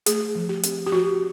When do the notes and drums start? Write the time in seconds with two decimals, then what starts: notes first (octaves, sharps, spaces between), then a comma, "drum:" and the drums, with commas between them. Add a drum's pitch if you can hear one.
0.06 A3 G#4, drum: hi-hat
0.35 F3
0.49 G4
0.63 C4, drum: hi-hat
0.87 G4
0.92 F3 F#4